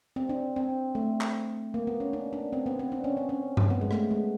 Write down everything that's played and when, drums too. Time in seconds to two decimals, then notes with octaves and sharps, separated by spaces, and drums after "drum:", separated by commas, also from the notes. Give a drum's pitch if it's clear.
0.16 C4
0.29 D4
0.56 C4
0.95 A3
1.21 drum: clap
1.74 A#3
1.87 B3
2.00 C#4
2.13 D4
2.33 D4
2.53 C4
2.66 B3
2.79 C4
2.92 D4
3.04 C#4
3.17 C4
3.29 C#4
3.57 drum: tom G2
3.70 B3
3.81 G#3
3.91 A3, drum: rim click
4.11 G#3